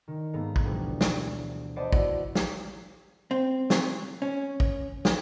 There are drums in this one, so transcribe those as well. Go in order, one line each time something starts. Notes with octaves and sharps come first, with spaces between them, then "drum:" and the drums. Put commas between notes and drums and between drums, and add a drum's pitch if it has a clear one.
D#3
G#2 A3 B3 F5 A#5
drum: kick
D2 B2 E3 F3 G3
drum: snare
B4 C5 D5 D#5 F#5 A5
B3 E4 F#4 D5 F#5, drum: kick
drum: snare
C4
drum: snare
C#4
drum: kick
drum: snare